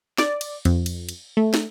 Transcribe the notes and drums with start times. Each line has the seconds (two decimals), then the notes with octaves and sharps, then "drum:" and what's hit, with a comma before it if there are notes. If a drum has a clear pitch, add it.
0.18 D5, drum: snare
0.41 drum: cymbal
0.65 F2, drum: cymbal
0.86 drum: cymbal
1.09 drum: cymbal
1.37 A3
1.54 drum: snare